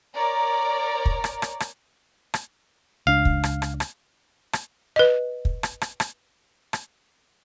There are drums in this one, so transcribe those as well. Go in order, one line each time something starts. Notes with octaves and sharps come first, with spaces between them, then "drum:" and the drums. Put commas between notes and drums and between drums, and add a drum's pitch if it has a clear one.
A#4 C#5 D5 A#5
drum: kick
drum: rim click
drum: rim click
drum: rim click
drum: rim click
C#2 D4 F5
drum: kick
drum: rim click
drum: rim click
drum: rim click
drum: rim click
B4 D#5
drum: kick
drum: rim click
drum: rim click
drum: rim click
drum: rim click